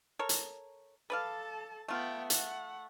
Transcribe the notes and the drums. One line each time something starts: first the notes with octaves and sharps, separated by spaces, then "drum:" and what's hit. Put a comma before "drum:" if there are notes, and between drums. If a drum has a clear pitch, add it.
A4 A#4 C#5
drum: hi-hat
A4 B4 D5 F5 A5
A3 B3 F4 G5
F#5, drum: hi-hat